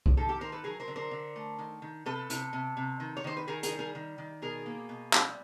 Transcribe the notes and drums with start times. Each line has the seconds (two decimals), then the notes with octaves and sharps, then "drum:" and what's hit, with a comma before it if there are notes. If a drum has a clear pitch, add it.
0.06 drum: kick C2
0.17 D#3 G4 A4
0.29 G4 A4
0.41 D#3 A#4 C5
0.52 A4 B4
0.64 F#3 G#4 A#4
0.80 A#4 C5
0.88 D3
0.96 A#4 C5
1.11 D3
1.36 A3
1.59 D#3
1.82 D#3
2.06 C3 A4 B4
2.30 C3, drum: hi-hat
2.53 C3
2.77 C3
3.00 D#3
3.17 C#5
3.24 D#3 C5
3.37 B4
3.48 D#3 G#4 A#4
3.63 G#4 A#4, drum: hi-hat
3.71 G3
3.79 G#4 A#4
3.95 D#3
4.18 D#3
4.42 B2 G#4 A#4
4.66 A#3
4.89 B2
5.13 G3, drum: clap